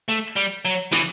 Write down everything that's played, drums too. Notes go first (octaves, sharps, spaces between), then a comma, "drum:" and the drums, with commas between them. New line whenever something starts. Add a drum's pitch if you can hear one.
A3
G3
F#3
E3, drum: hi-hat